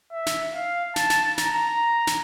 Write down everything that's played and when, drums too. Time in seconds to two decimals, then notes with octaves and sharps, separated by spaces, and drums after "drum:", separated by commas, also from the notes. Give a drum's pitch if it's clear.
0.12 E5
0.26 drum: snare
0.54 F5
0.96 A5, drum: snare
1.10 drum: snare
1.38 A#5, drum: snare
2.07 drum: snare